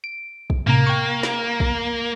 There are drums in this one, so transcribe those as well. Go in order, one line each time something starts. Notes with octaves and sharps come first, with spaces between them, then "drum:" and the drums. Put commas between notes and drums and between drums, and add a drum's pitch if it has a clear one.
D7
drum: kick
A2 C3 A#3 A#5
G5 C#6
drum: snare
drum: kick